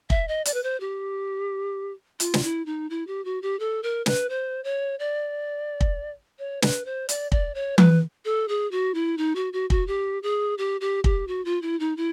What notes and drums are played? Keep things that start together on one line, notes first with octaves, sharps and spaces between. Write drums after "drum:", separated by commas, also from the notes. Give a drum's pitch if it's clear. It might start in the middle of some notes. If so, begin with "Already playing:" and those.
E5, drum: kick
D#5
D5, drum: hi-hat
B4
C5
G4
F4, drum: hi-hat
drum: snare
E4
D#4
E4
G4
F#4
G4
A4
A#4
B4, drum: snare
C5
C#5
D5
drum: kick
C#5
B4, drum: snare
C5
D5, drum: hi-hat
D5, drum: kick
C#5
B4, drum: tom E3
A4
G#4
F#4
E4
D#4
F#4
F#4
F#4, drum: kick
G4
G#4
G4
G4
G4, drum: kick
F#4
F4
E4
D#4
E4